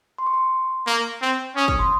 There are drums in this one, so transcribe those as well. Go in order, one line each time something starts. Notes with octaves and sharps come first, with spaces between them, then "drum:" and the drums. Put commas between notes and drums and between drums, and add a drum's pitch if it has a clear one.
C6
C#6
C6
A#3 C#6
C4
C#4 D#6
C#6, drum: kick
C6